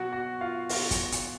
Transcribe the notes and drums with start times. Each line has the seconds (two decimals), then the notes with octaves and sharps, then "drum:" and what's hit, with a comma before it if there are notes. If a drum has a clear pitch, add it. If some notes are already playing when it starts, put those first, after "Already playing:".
Already playing: B2 F#3 F#4 F#5
0.12 F#4 F#5
0.41 F4 F5
0.69 B2 F#3 F4 F5, drum: open hi-hat
0.91 drum: kick, hi-hat
1.12 drum: hi-hat